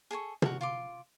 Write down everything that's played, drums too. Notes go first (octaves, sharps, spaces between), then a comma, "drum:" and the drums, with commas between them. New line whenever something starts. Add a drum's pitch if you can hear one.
G#4 A4 G#5 C#6
F#4 A#4, drum: tom
F4 C6 D6